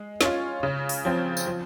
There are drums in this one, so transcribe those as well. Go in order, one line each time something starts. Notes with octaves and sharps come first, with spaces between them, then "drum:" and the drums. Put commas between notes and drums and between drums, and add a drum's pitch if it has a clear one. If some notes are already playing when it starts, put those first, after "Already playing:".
Already playing: G#3
C#4 F4, drum: snare
C#3
drum: open hi-hat
F3 C4
drum: tambourine
F3